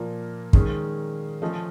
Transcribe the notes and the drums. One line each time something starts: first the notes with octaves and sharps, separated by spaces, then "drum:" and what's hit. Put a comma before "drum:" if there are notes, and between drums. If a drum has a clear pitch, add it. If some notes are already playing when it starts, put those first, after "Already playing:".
Already playing: A#2 F3 A#3 A#4
D#3 G#3 C#4, drum: kick
F3 A3 C#4 D#5